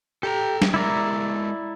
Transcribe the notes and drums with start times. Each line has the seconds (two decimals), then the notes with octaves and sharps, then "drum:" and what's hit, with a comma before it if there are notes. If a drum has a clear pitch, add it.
0.23 G4 A4 A5 A#5
0.62 drum: snare
0.74 G#3 E4 A#4 D5 E5 A#5